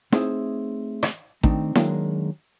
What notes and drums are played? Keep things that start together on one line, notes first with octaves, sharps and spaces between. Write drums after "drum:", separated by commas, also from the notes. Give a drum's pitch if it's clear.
A3 C4 D#4 G#4 C#5 E5, drum: snare E4
drum: rim click
D#3 A3 C4 D4 D#4, drum: kick A1
D#3 F#3 G#3 A#3 D4, drum: snare E4